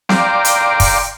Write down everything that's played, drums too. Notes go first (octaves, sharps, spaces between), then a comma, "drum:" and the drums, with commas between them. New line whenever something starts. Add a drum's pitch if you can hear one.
D5 F5 G5 A#5 C6 D6, drum: snare C4
drum: hi-hat
drum: kick, open hi-hat